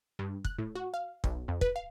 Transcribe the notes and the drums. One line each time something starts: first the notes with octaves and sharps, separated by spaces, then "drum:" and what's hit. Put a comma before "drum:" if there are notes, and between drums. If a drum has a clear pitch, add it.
G2
F#6, drum: kick
A2
F#4
F5
B1, drum: kick
F2
B4, drum: kick
F5